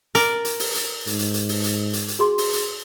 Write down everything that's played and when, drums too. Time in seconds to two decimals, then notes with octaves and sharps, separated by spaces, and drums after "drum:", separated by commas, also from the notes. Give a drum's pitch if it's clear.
0.15 A#4 D5, drum: hi-hat
0.45 drum: hi-hat
0.59 drum: open hi-hat
0.74 drum: hi-hat
1.07 G#2, drum: hi-hat
1.19 drum: hi-hat
1.34 drum: hi-hat
1.49 drum: open hi-hat
1.64 drum: hi-hat
1.93 drum: hi-hat
2.08 drum: hi-hat
2.19 F#4 G#4 C6
2.38 drum: open hi-hat
2.53 drum: hi-hat